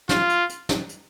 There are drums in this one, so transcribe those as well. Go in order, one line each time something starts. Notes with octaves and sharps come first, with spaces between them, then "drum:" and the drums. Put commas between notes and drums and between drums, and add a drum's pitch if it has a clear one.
F4, drum: snare
drum: hi-hat
drum: hi-hat
drum: snare
drum: hi-hat